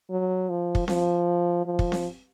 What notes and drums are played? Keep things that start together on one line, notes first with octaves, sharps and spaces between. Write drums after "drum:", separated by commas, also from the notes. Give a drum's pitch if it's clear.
F#3
F3
drum: kick
F3, drum: snare C4
F3
drum: kick
drum: snare C4